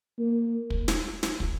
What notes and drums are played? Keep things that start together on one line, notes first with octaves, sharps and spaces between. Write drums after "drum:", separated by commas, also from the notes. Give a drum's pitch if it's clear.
A#3
drum: kick
drum: snare
drum: snare
drum: kick